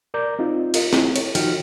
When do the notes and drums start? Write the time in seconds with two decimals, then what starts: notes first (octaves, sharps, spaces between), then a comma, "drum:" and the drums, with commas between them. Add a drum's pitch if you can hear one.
0.14 A#4 D5 A#5 D6 G6
0.39 C4 D#4 F4
0.74 F4 A#4 D#5, drum: cymbal
0.93 E4, drum: snare
1.16 C#5, drum: cymbal
1.35 D#3 F3 D#4 F#4 G5 F6, drum: cymbal